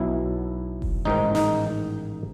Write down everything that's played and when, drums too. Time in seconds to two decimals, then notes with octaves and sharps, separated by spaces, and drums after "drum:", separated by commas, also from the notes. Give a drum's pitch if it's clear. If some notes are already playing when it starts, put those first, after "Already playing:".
Already playing: B1 B2 F#3 E4
0.82 drum: kick F1
1.05 A1 G#2 D#3 D#4
1.35 D#4, drum: snare